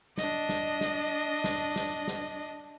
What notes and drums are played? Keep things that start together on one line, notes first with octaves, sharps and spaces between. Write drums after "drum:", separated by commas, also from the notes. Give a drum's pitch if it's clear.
D4 D#5, drum: snare
drum: snare
drum: snare
drum: snare
drum: snare
drum: snare